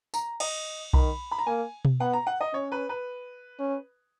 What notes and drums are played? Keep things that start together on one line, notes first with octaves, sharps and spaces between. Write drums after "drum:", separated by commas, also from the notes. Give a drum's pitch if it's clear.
A#5, drum: tambourine
D#5, drum: cymbal
D#3 B5, drum: kick B1
B5
A#5
A#3 G#5
drum: tom B2
B3 F#5
A#5
F#5
D#5
C#4 C#5
B4
B4
C#4